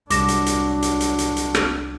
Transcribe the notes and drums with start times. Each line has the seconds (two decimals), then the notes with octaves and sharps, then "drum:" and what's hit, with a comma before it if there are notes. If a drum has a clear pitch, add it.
0.10 C2 F#3 D4 D6 A#6 E7, drum: hi-hat
0.28 drum: hi-hat
0.46 drum: hi-hat
0.82 drum: hi-hat
1.00 drum: hi-hat
1.19 drum: hi-hat
1.37 drum: hi-hat
1.55 drum: rim click